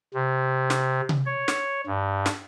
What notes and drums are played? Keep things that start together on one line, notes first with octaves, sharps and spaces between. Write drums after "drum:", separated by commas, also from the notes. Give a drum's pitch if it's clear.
C3
drum: snare
drum: tom C3
C#5
drum: snare
G2
drum: snare